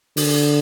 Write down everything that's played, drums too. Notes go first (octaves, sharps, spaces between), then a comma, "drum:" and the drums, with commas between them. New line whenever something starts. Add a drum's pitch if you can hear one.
D3, drum: open hi-hat